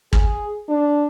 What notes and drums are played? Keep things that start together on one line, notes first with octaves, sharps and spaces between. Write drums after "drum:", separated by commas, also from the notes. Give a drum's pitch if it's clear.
G#4, drum: kick
D4